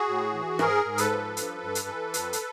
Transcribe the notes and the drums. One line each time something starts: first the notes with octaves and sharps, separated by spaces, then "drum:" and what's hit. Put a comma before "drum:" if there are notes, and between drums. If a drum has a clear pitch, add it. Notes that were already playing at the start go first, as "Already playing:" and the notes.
Already playing: F#4 G#4
A2
E3
G#2 G#4 A#4, drum: rim click
G#2
A4 B4, drum: hi-hat
F3
G2, drum: hi-hat
G2
drum: hi-hat
E3
F2, drum: hi-hat
drum: hi-hat